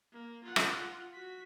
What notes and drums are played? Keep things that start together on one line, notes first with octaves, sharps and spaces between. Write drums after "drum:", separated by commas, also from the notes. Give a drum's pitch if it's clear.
A#3
F4 F#5
drum: rim click
F#4 B6